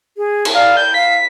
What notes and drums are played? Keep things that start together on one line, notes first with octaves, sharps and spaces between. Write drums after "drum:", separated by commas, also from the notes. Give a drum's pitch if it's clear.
G#4
drum: cymbal
D5 F5
G6
F5 B6